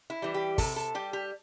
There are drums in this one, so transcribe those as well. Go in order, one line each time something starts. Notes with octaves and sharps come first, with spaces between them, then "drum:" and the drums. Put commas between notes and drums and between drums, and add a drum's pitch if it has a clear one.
E4
E3 G3
G4
C3 A4, drum: kick, open hi-hat
A4
G3 G4
G4